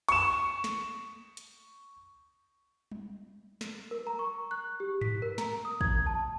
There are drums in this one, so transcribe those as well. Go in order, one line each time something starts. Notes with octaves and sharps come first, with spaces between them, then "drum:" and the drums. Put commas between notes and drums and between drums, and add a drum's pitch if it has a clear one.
C#6 E7, drum: cymbal
drum: snare
drum: hi-hat
drum: tom G3
drum: snare
A#4
A#5
C#6
F#6
G4
B6, drum: tom G2
A#4
A#5, drum: snare
D#6
G#6, drum: kick
A5